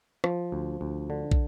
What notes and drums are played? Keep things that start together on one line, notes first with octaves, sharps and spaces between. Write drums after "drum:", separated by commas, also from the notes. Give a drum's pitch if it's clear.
F3, drum: rim click
D2
D2
D3
drum: kick